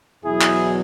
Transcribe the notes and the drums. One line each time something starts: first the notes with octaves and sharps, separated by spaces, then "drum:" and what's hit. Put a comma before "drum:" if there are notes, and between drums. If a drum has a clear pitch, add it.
E2 B2 F#3 E4 G#4
drum: clap